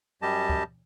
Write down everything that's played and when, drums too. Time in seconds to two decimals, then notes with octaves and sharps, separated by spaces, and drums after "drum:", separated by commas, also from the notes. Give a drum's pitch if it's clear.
0.22 F#2 G3 G4 D#5 A5
0.50 drum: kick